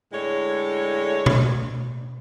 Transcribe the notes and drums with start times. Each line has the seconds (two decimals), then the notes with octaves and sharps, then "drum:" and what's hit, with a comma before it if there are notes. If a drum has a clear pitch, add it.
0.13 A2 D3 G#3 C#5
1.26 drum: tom B2